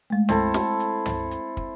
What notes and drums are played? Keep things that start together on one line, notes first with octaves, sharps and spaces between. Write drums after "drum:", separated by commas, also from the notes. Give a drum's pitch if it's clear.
G#3 A3
C4 E4 A4, drum: tom
drum: snare
drum: hi-hat
drum: tom
drum: hi-hat
drum: kick